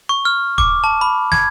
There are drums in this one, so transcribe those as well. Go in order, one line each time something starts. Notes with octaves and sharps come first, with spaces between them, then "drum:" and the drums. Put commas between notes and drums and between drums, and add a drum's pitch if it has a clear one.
C#6
F6
D6, drum: kick
A5
B5
G#6, drum: snare